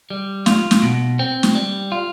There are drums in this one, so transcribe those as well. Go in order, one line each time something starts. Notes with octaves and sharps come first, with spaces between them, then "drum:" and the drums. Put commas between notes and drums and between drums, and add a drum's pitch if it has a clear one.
G3
F4, drum: snare
drum: snare
B2
C4
drum: snare
G3
F4